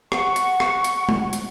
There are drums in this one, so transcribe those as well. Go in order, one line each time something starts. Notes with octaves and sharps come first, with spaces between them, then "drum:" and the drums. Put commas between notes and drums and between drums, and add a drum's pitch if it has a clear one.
F#5 C#6, drum: rim click
drum: hi-hat
drum: rim click
drum: hi-hat
drum: tom
drum: hi-hat